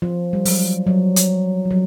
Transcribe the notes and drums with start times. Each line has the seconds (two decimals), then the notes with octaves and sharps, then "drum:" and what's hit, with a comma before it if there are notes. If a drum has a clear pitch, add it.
0.02 F3
0.33 G3
0.45 F#3, drum: open hi-hat
0.87 F#3
1.16 drum: hi-hat
1.65 F3
1.71 F#3